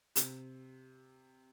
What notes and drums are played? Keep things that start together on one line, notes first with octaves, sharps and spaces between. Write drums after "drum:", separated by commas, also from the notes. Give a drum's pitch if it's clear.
C3, drum: hi-hat